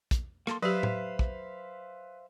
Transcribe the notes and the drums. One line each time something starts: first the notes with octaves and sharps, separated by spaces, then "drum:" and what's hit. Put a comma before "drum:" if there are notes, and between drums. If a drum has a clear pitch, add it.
drum: kick, hi-hat
A#3 A4 C6, drum: rim click
F#3 G4 B4 C5 E5 F5
drum: tom A2
drum: kick